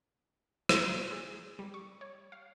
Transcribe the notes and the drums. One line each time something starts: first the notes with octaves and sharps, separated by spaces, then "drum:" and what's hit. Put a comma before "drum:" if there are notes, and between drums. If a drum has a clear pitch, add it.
drum: rim click
G#4
G3
C#6
C#5
F5